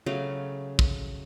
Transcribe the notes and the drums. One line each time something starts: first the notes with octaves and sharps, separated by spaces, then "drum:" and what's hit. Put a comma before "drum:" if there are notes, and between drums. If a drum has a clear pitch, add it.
C#3 F#3 A3 F5
drum: kick